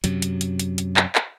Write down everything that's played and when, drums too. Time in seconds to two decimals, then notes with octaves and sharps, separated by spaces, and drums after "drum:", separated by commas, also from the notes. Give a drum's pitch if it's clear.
0.04 F#2 C3 F#3, drum: hi-hat
0.22 drum: hi-hat
0.41 drum: hi-hat
0.59 drum: hi-hat
0.78 drum: hi-hat
0.97 drum: clap
1.15 drum: clap